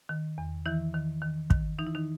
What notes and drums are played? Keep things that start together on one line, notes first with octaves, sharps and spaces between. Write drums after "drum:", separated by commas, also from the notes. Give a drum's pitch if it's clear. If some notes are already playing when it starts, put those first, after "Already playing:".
D#3
E2
D#3 E3 E4
D#3
D#3
D#3, drum: kick
E3 D#4
E4
D#3 D#4